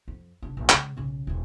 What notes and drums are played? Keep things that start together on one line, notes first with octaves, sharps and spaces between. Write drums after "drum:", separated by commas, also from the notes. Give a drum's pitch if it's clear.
F2
F1 D4
A#1
C#3 G#3, drum: clap
B1 C#3
D#1 E3